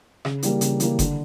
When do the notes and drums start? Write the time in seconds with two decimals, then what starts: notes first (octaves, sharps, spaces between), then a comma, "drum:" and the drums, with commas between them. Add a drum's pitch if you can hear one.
0.25 C#3, drum: rim click
0.43 E3 G3 A#3, drum: hi-hat
0.61 C#3, drum: hi-hat
0.80 E3 G3 A#3, drum: hi-hat
0.99 D3, drum: kick F#1, hi-hat